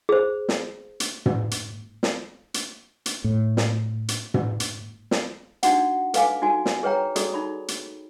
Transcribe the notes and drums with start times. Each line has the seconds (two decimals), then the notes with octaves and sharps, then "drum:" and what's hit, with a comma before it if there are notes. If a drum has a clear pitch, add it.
0.09 G#4 C5
0.49 drum: snare
1.00 drum: hi-hat
1.26 drum: tom
1.51 drum: hi-hat
2.03 drum: snare
2.54 drum: hi-hat
3.06 drum: hi-hat
3.24 A2
3.57 drum: snare
4.08 drum: hi-hat
4.34 drum: tom
4.60 drum: hi-hat
5.11 drum: snare
5.63 D4 D#4 F#4 F#5, drum: hi-hat
6.14 A4 B4 F5 G#5 D6, drum: hi-hat
6.42 D#4 F#4 G#5
6.66 drum: snare
6.83 G#4 B4 C#5 G5 A#5
7.16 F#4 G#4 A4 D5 D#6, drum: hi-hat
7.34 D#4 B5
7.68 drum: hi-hat